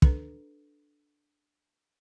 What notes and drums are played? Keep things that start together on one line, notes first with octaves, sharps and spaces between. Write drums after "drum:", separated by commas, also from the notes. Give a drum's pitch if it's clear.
D4 A4 B4 A#5, drum: kick